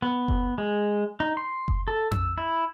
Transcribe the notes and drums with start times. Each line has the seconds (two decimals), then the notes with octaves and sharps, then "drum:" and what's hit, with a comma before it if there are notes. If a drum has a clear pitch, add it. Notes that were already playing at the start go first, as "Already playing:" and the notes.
0.02 B3
0.28 drum: kick F#1
0.58 G#3
1.20 D#4
1.37 C6
1.68 drum: kick F#1
1.88 A4
2.11 E6, drum: tom F2
2.38 E4